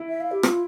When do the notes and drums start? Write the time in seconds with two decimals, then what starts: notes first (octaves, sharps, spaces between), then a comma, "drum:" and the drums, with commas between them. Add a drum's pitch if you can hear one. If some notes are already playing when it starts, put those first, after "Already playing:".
Already playing: E4
0.09 E5
0.21 F5
0.31 G4
0.43 F4, drum: rim click